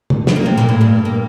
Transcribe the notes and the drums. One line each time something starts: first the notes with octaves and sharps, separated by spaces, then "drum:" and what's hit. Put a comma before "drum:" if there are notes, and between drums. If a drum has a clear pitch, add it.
drum: tom
A3, drum: snare
A#3
C3 C4
A#2 A#3
A2 A3
G2 G3
A#3